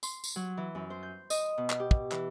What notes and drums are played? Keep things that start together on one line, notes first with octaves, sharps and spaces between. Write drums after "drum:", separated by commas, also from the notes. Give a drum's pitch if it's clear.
C6, drum: tambourine
drum: tambourine
F#3
E3
F#2
C5
G6
D#5, drum: tambourine
B2
drum: clap
G4
drum: kick
E3, drum: clap